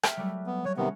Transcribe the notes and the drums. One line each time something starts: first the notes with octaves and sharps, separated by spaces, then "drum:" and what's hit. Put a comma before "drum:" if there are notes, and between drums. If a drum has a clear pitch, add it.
E5 G5 F6, drum: rim click
F#3 G3 A3
B3
F#3 C#5
C3 D#3 B3 C#4